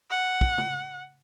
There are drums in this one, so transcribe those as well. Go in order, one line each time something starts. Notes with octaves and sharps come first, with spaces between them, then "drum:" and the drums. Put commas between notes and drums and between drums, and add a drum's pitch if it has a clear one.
F#5
drum: kick
drum: tom